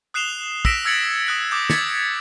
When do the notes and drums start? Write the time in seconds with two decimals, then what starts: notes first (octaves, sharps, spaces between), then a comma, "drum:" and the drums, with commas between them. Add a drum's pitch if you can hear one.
0.14 D#6 F#6 C7 E7 F7 G7
0.65 E6 A#6 B6 D7 E7, drum: kick
0.85 E6 G#6 A6 C#7 F#7
1.26 D#6 F#6 C#7
1.51 D6 D#6 G6
1.70 G#6 A6 B6 C#7, drum: snare